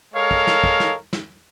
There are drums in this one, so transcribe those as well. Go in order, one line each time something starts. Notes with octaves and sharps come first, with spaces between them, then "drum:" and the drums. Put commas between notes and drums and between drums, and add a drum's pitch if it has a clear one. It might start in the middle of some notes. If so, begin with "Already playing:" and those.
G#3 A4 A#4 C#5 F5
drum: kick
drum: snare
drum: kick
drum: snare
drum: snare